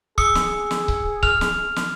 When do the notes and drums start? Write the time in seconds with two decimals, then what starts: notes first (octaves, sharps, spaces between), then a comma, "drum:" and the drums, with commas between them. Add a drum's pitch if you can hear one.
0.18 G#4 D#6 E6 C#7, drum: kick C#1
0.35 drum: snare
0.71 drum: snare
0.88 drum: kick C#1
1.23 F6 F7, drum: kick C#1
1.41 drum: snare
1.76 drum: snare